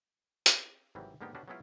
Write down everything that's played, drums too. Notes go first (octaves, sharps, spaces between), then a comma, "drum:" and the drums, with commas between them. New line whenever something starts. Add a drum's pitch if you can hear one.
drum: hi-hat
G#1 C3 E3 F#3 G3
G#2 D3 A#3 B3 D#4 G4
A3 B3 C#4 D4 F#4 G4
F#3 G#3 B3 C#4 E4 F4